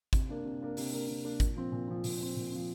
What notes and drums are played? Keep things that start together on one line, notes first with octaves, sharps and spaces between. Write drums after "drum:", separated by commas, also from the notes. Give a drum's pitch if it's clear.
C3, drum: kick G#1, hi-hat
A#3 D4 A#4
C3
A#3 D4 A#4
C3, drum: open hi-hat
A#3 D4 A#4
C3
A#3 D4 A#4
A#2, drum: kick G#1, hi-hat
F3 C4
A#2
F3 C4
A#2, drum: open hi-hat
F3 C4
A#2
F3 C4